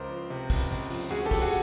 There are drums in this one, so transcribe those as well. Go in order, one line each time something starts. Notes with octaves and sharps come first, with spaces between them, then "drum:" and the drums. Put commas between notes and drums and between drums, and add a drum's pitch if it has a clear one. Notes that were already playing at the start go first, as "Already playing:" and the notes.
Already playing: C#2 A#4 C5
F3
C3
C#2, drum: kick, open hi-hat
C#2
F3, drum: open hi-hat
D2 F#4 G#4
G4 A4
F3, drum: kick, open hi-hat
F#4 G#4